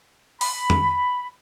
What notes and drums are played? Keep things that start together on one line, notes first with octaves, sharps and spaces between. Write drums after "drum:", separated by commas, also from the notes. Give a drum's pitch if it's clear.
B5, drum: open hi-hat
drum: tom